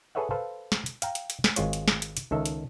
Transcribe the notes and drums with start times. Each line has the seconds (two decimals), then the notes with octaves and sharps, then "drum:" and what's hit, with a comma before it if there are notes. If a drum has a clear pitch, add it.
0.15 G#4 A4 B4 C#5 E5 F#5
0.31 A4 B4 C5 F5 A5
0.72 drum: snare
0.86 drum: hi-hat
1.02 F5 G5 A#5, drum: hi-hat
1.15 drum: hi-hat
1.30 drum: hi-hat
1.44 drum: snare
1.56 G#1 G#3 F4 C#5, drum: hi-hat
1.73 drum: hi-hat
1.88 drum: snare
2.02 drum: hi-hat
2.17 drum: hi-hat
2.31 C#2 D#3 A4 E5
2.46 drum: hi-hat